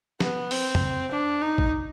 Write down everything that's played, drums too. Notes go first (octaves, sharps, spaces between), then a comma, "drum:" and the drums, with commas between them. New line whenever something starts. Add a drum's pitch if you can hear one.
B3, drum: snare
C4, drum: open hi-hat
drum: tom
D4
D#4
drum: kick A1